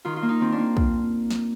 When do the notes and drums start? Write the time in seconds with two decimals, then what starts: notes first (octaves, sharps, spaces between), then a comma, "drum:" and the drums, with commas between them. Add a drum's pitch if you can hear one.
0.05 D#3 F4
0.16 F4
0.22 A#3
0.29 D#4
0.41 D#3 C4
0.52 D4
0.58 A#3
0.77 drum: kick
1.30 drum: snare